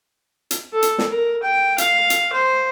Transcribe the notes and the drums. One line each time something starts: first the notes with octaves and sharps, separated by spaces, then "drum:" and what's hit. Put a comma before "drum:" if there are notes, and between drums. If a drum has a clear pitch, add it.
drum: hi-hat
A4
drum: hi-hat
drum: snare
A#4
G5
F5, drum: hi-hat
drum: hi-hat
C5